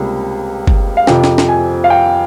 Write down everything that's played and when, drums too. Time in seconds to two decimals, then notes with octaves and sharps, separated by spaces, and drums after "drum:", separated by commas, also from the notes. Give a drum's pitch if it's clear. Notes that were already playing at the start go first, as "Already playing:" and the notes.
Already playing: C#2 C3 G3 A#3
0.67 drum: kick
0.97 F5
1.07 F2 C3 F3 G5, drum: snare
1.24 drum: snare
1.38 drum: snare
1.49 G#5
1.84 F5
1.90 G5